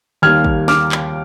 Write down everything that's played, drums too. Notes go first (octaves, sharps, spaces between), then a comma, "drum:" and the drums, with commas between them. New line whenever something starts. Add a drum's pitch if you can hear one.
D#2 D#3 G3 A#3 F6 G#6
drum: kick
D6 F6, drum: snare
drum: clap